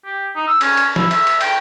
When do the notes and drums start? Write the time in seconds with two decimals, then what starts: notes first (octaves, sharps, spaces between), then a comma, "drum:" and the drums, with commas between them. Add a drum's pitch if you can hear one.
0.05 G4
0.36 D#4
0.48 E6
0.61 C#4, drum: cymbal
0.77 drum: cymbal
0.96 E4, drum: snare
1.11 E5, drum: cymbal
1.27 drum: cymbal
1.41 G5, drum: cymbal